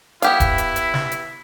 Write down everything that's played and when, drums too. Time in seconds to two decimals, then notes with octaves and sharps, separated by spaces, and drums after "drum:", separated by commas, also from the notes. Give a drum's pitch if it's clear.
0.22 B3 E4 G4 F5, drum: hi-hat
0.40 drum: kick D#1, hi-hat
0.58 drum: hi-hat
0.76 drum: hi-hat
0.94 drum: snare
1.11 drum: hi-hat